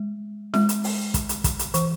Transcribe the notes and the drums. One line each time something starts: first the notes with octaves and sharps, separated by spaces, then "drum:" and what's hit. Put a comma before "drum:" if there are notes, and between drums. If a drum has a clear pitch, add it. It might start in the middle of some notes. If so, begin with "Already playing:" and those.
Already playing: G#3
G#3, drum: snare
drum: hi-hat
drum: open hi-hat
drum: kick, hi-hat
drum: hi-hat
drum: kick, hi-hat
drum: hi-hat
E3, drum: hi-hat